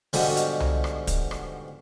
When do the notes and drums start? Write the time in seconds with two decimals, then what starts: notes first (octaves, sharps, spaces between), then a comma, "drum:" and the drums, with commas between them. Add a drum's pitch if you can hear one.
0.13 G#2 B2 D3 F3 G3 F#4, drum: open hi-hat
0.37 drum: hi-hat
0.60 drum: tom C2
0.84 drum: rim click
1.07 drum: kick, hi-hat
1.31 drum: rim click